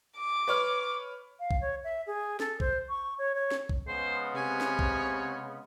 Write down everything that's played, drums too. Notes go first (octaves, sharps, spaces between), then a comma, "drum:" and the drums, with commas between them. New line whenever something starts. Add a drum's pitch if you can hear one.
D6
B4 C#5 F6
F5
drum: kick A#1
C#5
E5
G#4
A4, drum: snare
C5, drum: kick A#1
C#6
C#5
C#5
drum: snare
drum: kick A#1
C#3 G#3 B3 C5
C3 C#5 G#5
drum: snare
drum: kick A#1